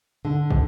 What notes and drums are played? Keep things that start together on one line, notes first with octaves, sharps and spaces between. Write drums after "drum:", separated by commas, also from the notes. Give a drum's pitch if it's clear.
D3
drum: kick